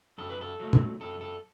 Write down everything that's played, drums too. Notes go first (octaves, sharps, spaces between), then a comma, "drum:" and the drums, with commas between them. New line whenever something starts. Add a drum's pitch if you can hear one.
F#2 A4
B4
A4
F#3 A3
drum: tom
F#2 A4
A4